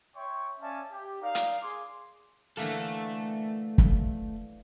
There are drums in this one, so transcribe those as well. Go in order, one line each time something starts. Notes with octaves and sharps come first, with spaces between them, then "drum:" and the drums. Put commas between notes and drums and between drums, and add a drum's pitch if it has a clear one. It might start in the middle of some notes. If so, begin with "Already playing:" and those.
C#5 E5 G5 C6 C#6
C#4 D5 E5 F5 G#5 A5
G4
D#4 A#4 D5 F5
drum: hi-hat
G#4 C6 D6
D3 E3 A3 A#3 A4
drum: kick